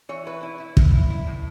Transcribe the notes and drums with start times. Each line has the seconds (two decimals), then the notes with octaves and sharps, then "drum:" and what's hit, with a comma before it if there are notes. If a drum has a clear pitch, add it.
0.09 E3 C#5
0.25 E4 B4
0.43 E4
0.60 E4
0.77 A2, drum: kick
0.93 E4
1.10 E4
1.27 A2